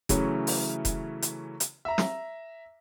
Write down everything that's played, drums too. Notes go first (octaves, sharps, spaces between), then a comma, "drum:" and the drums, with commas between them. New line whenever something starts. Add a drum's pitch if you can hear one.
C#3 E3 F#3 A3 C#4, drum: kick E1, hi-hat
drum: open hi-hat
drum: kick E1, hi-hat
drum: hi-hat
drum: hi-hat
E5 A#5
drum: snare